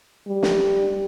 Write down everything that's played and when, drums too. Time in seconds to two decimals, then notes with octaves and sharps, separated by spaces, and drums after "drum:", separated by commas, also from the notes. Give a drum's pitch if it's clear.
0.27 G3
0.43 drum: snare